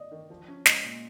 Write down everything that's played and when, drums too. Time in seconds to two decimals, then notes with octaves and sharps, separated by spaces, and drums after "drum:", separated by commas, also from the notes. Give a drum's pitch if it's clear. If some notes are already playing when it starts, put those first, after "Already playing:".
Already playing: D5 D#5
0.11 D#3
0.30 F3
0.48 C#4
0.66 G#3 D#5, drum: snare
0.83 A#2